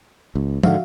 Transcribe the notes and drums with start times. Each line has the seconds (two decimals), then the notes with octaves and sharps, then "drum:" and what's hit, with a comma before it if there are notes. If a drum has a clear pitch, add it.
0.35 C#2
0.63 G#2 D3 F#4 E5 F5, drum: tom